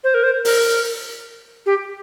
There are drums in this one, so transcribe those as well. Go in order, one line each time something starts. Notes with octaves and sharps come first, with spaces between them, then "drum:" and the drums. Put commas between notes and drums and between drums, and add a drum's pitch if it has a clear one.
C5
A#4
C5
A#4, drum: open hi-hat
G4